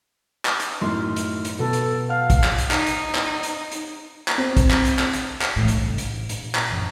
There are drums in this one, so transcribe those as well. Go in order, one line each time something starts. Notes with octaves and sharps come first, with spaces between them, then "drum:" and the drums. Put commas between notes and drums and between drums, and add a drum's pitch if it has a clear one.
drum: clap
drum: hi-hat
F#2 A2 D#3 C6 F6
drum: hi-hat
drum: hi-hat
B2 F#3 A4
drum: hi-hat
F5 F#5 A5 F6
drum: kick, hi-hat
drum: clap
drum: hi-hat
D#4, drum: clap
drum: hi-hat
drum: clap
drum: hi-hat
drum: hi-hat
drum: clap
C4
drum: kick, hi-hat
drum: clap
drum: hi-hat
drum: clap
drum: hi-hat
drum: clap
A2 E3
B1, drum: hi-hat
G1 C3
A1, drum: hi-hat
A#2, drum: hi-hat
drum: clap
F#2 E3